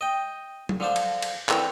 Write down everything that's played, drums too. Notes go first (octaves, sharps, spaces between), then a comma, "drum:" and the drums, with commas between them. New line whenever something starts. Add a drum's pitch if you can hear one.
D#5 G5
drum: tom F#3
D3 F3 D4 C5
drum: cymbal
drum: cymbal
D3 E3 C4 A4 A#4, drum: clap